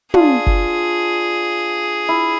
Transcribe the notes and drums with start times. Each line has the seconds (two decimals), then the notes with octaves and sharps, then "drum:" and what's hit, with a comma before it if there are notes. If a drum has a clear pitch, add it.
0.14 D4 F4 G#4, drum: tom
0.47 drum: kick F#1
2.09 E4